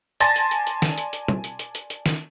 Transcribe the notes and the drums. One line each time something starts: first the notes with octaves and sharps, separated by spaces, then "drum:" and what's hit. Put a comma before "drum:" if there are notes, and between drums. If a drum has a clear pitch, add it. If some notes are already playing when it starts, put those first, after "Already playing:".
D5 G#5 A5 C6 A6 A#6, drum: hi-hat
drum: hi-hat
drum: hi-hat
drum: hi-hat
drum: snare
drum: hi-hat
drum: hi-hat
drum: tom B2
drum: hi-hat
drum: hi-hat
drum: hi-hat
drum: hi-hat
drum: snare